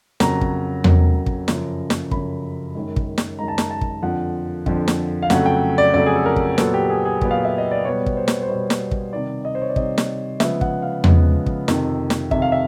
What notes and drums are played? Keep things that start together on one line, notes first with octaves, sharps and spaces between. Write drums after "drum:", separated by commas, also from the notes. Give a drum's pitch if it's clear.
F2 C#3 F#3 A#3 A#5, drum: snare
drum: kick
F2 C#3 F#3 A#3, drum: tom E2
drum: kick
F#2 C#3 F3, drum: snare
drum: snare
F#2 C#3 F3 B5, drum: kick
F#2 D#3 G#3
drum: kick
drum: snare
F#2 D#3 G#3 A#5
A5
A#5, drum: snare
A5
drum: kick
F2 D3 F3 F#5
F2 D3 F3, drum: kick
drum: snare
F5
F2 C#3 F#3 A3 F#5, drum: snare
G5
D5
F2 C#3 F#3 A3 D5
G#4
A4
A#4
drum: kick
A#2 F#3 B3 A4, drum: snare
G4
G#4
G#4
A#2 F#3 B3, drum: kick
F5
E5
D#5
D5
B2 G3 B3 C#5
drum: kick
C5
drum: snare
C5
B2 G3 B3 C#5
drum: snare
drum: kick
C3 D#3 G3 D5
D#5
C5
C#5
D5
C3 D#3 G3 D#5, drum: kick
drum: snare
C#3 F3 G#3 B3 E5, drum: snare
F#5, drum: kick
F5
C#3 F3 G#3 B3, drum: tom E2
drum: kick
F2 C3 D#3, drum: snare
drum: snare
F2 C3 D#3 E5, drum: kick
F5
E5